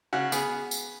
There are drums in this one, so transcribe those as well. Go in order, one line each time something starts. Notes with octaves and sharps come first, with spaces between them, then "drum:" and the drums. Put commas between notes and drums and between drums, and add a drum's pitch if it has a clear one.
C#3 F#4
B3 G#4, drum: tambourine
drum: tambourine